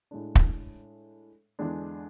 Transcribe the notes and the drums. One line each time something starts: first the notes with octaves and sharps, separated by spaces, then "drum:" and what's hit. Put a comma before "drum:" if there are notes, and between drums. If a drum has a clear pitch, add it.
A2 G#3 D4
drum: kick
E2 D3 G#3 D4